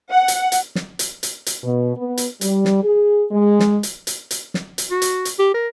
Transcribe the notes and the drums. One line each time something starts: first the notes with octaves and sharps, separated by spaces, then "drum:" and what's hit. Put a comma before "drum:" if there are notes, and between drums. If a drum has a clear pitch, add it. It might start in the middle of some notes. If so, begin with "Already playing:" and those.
F#5
drum: hi-hat
drum: hi-hat
drum: snare
drum: hi-hat
drum: hi-hat
drum: hi-hat
B2
B3
drum: hi-hat
G3, drum: hi-hat
drum: snare
G#4
G#3
drum: snare
drum: hi-hat
drum: hi-hat
drum: hi-hat
drum: snare
drum: hi-hat
F#4
drum: hi-hat
drum: hi-hat
G4
A#4